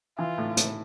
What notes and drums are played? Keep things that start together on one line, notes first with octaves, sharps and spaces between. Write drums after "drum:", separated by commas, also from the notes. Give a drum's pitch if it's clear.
E3 F4
A2
A2, drum: hi-hat